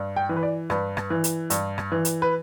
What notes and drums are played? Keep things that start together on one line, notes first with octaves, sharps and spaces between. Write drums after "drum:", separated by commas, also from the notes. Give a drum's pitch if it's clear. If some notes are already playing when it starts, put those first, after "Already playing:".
Already playing: G2
G5
E3
B4
D5
G2 B4, drum: rim click
drum: rim click
E3
drum: hi-hat
G2, drum: hi-hat
drum: rim click
E3
drum: hi-hat
B4